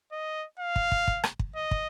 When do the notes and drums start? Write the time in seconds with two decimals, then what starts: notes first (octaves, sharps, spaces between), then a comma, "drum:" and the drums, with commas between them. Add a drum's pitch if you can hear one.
0.12 D#5
0.60 F5
0.76 drum: kick
0.92 drum: kick
1.08 drum: kick
1.24 drum: rim click
1.39 drum: kick
1.56 D#5
1.71 drum: kick